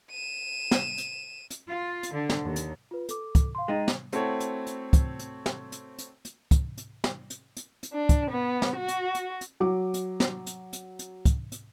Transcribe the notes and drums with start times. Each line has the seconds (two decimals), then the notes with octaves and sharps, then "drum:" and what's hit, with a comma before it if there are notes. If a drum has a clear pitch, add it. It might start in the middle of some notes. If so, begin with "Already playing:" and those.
0.11 D#7 E7
0.71 drum: snare
0.98 drum: hi-hat
1.50 drum: hi-hat
1.68 F4
2.03 drum: hi-hat
2.13 D3
2.30 drum: snare
2.44 D#2
2.56 drum: hi-hat
2.91 F4 B4
3.09 A4 D6, drum: hi-hat
3.35 drum: kick, hi-hat
3.55 F5 C6
3.68 G#3 D#4 G5 A6
3.88 drum: snare
4.12 A3 C4 E4 F#4 A4 C#5, drum: hi-hat
4.40 drum: hi-hat
4.67 drum: hi-hat
4.93 drum: kick, hi-hat
5.19 drum: hi-hat
5.46 drum: snare
5.72 drum: hi-hat
5.98 drum: hi-hat
6.25 drum: hi-hat
6.51 drum: kick, hi-hat
6.77 drum: hi-hat
7.04 drum: snare
7.30 drum: hi-hat
7.57 drum: hi-hat
7.83 drum: hi-hat
7.93 D4
8.09 drum: kick, hi-hat
8.30 B3
8.62 drum: snare
8.77 F#4
8.88 drum: hi-hat
9.15 drum: hi-hat
9.41 drum: hi-hat
9.60 F#3 D6
9.94 drum: hi-hat
10.20 drum: snare
10.46 drum: hi-hat
10.73 drum: hi-hat
10.99 drum: hi-hat
11.25 drum: kick, hi-hat
11.52 drum: hi-hat